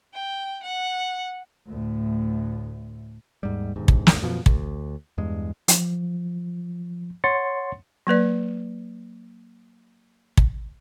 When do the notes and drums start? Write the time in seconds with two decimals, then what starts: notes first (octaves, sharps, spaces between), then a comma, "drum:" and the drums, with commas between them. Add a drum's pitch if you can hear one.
0.14 G5
0.63 F#5
1.68 D2 A2
3.43 D#2 G#2 G3
3.76 E1 D#2 G#2
3.88 drum: kick
4.07 drum: snare
4.22 F#2 B2 F3
4.46 D2, drum: kick
5.18 E2 G2 G#3
5.68 F3, drum: hi-hat
7.24 C#5 F#5 C6 A6 C#7
8.07 F#3 A#3 B4 D5
10.37 drum: kick